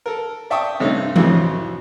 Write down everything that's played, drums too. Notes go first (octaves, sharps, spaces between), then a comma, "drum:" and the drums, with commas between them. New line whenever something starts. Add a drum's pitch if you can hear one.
A4 A#4
D5 E5 G5 A5 C#6 D#6
G2 C3 A3 C#4 D#4
F2 A2 C3 E3 F#3, drum: tom E3